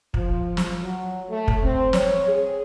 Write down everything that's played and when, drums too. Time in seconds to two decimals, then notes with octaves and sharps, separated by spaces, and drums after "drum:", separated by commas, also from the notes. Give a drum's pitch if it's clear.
0.14 F3, drum: kick
0.57 drum: snare
0.82 F#3
1.29 A3
1.48 drum: kick
1.63 C4
1.93 C#5, drum: snare
2.27 G#4